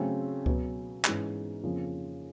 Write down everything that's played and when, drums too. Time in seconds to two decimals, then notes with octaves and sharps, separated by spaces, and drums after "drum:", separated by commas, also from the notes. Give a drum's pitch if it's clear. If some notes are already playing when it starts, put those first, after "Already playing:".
Already playing: C#3 F#3 A3 C4
0.46 B2 F#3 B3, drum: kick C#2
1.04 G#2 E3 G#3 C#4, drum: clap
1.63 F2 C#3 F3 A#3